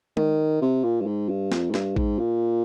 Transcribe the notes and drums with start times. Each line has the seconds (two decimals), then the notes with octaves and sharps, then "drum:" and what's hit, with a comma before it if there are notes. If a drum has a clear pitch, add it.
0.17 D#3, drum: tom G#3
0.61 C3
0.84 A#2
1.00 G2
1.06 G#2
1.29 G2
1.52 F2, drum: snare
1.70 G#2
1.74 G2, drum: snare
1.96 G#2, drum: kick A1
2.19 A#2